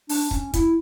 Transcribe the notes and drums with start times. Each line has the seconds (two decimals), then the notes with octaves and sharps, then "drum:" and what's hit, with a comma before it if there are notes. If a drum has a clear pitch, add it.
0.09 D4, drum: open hi-hat
0.31 C#4, drum: kick
0.53 E4, drum: kick, hi-hat